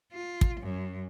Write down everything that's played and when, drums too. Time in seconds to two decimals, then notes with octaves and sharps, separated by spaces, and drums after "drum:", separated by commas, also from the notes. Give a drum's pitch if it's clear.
0.12 F4
0.41 drum: kick
0.61 F#2